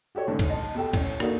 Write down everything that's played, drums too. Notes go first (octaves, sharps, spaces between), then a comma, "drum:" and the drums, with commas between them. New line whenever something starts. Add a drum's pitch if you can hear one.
F#4 G4 A4 C#5
D2 G#2 D3 A3 C#4
drum: kick, cymbal
D#5 A5
B2 G4 A4 G5
A2 C#4, drum: kick, cymbal
A#3 D4 D#4 F#4 A4, drum: rim click